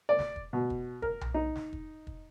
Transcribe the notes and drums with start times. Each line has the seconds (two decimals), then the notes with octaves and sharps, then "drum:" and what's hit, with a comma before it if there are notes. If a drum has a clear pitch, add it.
0.09 D5
0.19 drum: snare
0.36 drum: kick
0.53 B2
0.70 drum: kick
1.02 A#4, drum: kick
1.21 drum: tom B1
1.34 D#4
1.56 drum: snare
1.73 drum: kick
2.07 drum: kick